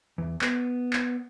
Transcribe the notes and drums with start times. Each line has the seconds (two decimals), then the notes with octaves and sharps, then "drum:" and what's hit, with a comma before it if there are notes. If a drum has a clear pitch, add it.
0.18 E2
0.41 B3, drum: clap
0.93 drum: clap